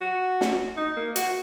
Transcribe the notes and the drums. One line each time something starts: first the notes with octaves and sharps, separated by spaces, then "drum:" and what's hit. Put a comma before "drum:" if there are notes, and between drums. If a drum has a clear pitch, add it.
F#4
drum: snare
D#4
A#3
F#4, drum: hi-hat